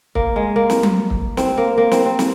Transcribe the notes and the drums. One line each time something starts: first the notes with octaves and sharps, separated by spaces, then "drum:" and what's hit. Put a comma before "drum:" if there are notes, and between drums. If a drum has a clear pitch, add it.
A#3, drum: kick
G#3
A#3
drum: snare
drum: tom F#3
drum: kick
C4, drum: snare
A#3
A#3
C4, drum: snare
C4
drum: snare